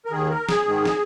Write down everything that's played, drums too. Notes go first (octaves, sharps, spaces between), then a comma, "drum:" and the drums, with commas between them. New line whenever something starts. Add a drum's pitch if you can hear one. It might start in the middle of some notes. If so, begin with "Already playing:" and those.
A#4
D#2 D#3 G#4
A#4
G#4, drum: snare
G#2 D#3
drum: snare